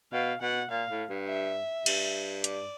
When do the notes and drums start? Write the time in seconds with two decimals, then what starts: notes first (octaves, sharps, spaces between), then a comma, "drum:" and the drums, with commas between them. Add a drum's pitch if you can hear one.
0.13 B2 F5
0.42 B2 F#5
0.71 A#2 F5
0.90 A2
1.10 G2
1.29 E5
1.86 G2, drum: cymbal
2.44 D5, drum: hi-hat